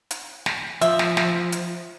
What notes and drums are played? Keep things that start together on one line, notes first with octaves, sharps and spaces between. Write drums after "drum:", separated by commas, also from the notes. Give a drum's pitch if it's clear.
drum: hi-hat
drum: snare
F3 E5, drum: hi-hat
drum: snare
drum: snare
drum: hi-hat